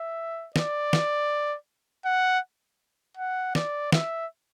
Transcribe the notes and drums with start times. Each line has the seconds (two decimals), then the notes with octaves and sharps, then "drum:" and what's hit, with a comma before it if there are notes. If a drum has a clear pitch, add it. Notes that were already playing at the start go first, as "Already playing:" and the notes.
Already playing: E5
0.56 D5, drum: snare
0.93 drum: snare
2.05 F#5
3.17 F#5
3.55 D5, drum: snare
3.92 E5, drum: snare